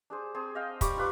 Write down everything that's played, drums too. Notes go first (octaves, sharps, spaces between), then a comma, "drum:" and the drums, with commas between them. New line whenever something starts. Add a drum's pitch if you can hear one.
D4 G#4 C5
C4 G#4 C5 A5
D#5 F5 G5
G3 G4 C#6 D6, drum: kick, hi-hat
D#4 F4 B4 D6